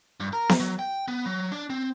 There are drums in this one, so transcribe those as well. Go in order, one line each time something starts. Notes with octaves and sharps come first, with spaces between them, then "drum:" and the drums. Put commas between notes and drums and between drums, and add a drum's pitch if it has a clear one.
G2
A#4
drum: snare B3
F#3
G5
B3
F#3
D4
C4